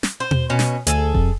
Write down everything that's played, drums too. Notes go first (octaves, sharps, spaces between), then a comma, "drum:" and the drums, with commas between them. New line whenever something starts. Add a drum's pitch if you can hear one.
drum: snare
C5
drum: tom B2
B2 C#4
drum: snare
D2 G#4 A4, drum: hi-hat
F2, drum: kick E1